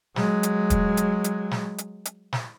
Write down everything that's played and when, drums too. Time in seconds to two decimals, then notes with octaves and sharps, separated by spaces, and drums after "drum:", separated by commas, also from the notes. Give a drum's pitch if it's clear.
0.16 F#3 G#3, drum: snare
0.43 drum: hi-hat
0.70 drum: kick, hi-hat
0.97 drum: hi-hat
1.24 drum: hi-hat
1.51 drum: snare
1.78 drum: hi-hat
2.05 drum: hi-hat
2.32 drum: snare